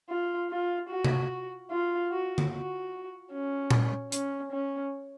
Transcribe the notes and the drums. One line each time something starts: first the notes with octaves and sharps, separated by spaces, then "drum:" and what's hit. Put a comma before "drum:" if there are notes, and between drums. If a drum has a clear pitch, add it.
F4
F4
F#4
drum: tom C3
F4
F#4
drum: tom D3
F#4
C#4
drum: tom A#2
C#4, drum: hi-hat
C#4